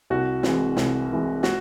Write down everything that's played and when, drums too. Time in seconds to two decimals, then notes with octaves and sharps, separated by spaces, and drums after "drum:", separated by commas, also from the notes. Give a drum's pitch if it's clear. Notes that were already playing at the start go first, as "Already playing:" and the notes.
0.10 C2 F#4
0.43 C3 E3 G#3, drum: snare
0.77 C2, drum: snare
1.10 C3 E3 G#3
1.43 F#4, drum: snare